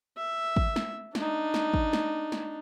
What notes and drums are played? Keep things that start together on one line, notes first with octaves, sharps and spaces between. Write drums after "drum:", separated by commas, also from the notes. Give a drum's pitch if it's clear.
E5
drum: kick
drum: snare
D4 D#4, drum: snare
drum: snare
drum: kick
drum: snare
drum: snare